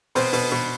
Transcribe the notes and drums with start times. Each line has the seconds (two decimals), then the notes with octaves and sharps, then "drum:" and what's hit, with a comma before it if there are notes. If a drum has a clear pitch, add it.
0.15 B2 C4 C5, drum: open hi-hat
0.33 B2, drum: open hi-hat
0.51 B2